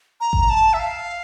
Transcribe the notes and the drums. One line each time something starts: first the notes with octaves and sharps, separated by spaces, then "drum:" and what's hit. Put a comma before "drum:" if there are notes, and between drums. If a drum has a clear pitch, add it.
A#5
drum: kick G#1
A5
E5
F5